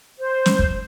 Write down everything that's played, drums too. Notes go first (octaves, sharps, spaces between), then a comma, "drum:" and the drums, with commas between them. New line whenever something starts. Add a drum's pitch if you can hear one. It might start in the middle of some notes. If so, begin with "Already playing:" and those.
C5
drum: snare
drum: kick